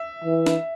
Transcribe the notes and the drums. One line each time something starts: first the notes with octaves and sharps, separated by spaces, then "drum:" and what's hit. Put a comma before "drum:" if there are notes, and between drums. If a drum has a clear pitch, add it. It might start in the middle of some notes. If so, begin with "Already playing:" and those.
Already playing: E5
E3
drum: snare